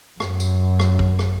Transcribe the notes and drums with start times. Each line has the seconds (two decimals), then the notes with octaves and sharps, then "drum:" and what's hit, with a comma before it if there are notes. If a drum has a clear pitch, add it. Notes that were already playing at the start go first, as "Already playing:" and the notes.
0.20 F#2, drum: rim click
0.40 drum: tambourine
0.79 drum: rim click
0.99 drum: kick
1.19 drum: rim click